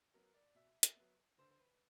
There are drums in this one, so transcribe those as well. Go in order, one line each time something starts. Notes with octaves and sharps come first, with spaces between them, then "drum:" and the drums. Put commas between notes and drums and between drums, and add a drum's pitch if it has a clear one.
F#3 B3 A#4
D5
B2 E5
E5, drum: hi-hat
F#3 B3
D3 C5
C5
B4